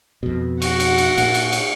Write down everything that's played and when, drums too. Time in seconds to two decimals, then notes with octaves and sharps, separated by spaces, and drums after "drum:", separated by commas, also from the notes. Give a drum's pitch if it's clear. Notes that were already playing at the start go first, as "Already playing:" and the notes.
0.23 F2 B2
0.62 F#4 F#5, drum: cymbal
0.80 drum: cymbal
0.98 drum: cymbal
1.18 A#2, drum: cymbal
1.34 drum: cymbal
1.52 drum: cymbal